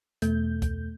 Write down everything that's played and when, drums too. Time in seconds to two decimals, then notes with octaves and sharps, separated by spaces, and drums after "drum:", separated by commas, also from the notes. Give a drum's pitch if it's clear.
0.22 E2 B2 A3 G6, drum: hi-hat
0.62 drum: kick C#2, hi-hat